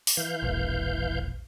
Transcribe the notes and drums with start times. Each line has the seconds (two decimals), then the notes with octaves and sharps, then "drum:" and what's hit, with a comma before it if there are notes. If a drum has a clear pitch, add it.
0.07 drum: open hi-hat
0.17 E3 F5 G6
0.43 E1 A#1